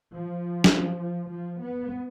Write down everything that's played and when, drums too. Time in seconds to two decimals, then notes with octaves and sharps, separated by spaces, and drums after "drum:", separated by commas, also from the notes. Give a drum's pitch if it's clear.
0.14 F3
0.64 drum: snare
1.32 F3
1.61 B3